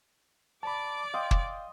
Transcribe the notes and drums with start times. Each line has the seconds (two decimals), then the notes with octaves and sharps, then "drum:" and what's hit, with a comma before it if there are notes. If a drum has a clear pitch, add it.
0.63 D5 A5 B5 D6
1.14 D#5 F5 G5 C6
1.31 drum: kick